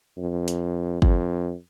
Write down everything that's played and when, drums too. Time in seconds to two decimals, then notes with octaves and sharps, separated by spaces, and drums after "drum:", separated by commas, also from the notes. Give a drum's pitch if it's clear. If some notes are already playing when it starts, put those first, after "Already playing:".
0.18 F2
0.48 drum: hi-hat
1.02 F2, drum: kick G1